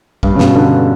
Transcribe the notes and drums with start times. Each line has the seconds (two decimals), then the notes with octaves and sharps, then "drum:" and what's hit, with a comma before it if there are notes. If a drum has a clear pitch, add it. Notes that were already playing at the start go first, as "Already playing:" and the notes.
0.23 G2, drum: kick
0.35 C#3
0.39 B2, drum: snare
0.55 D3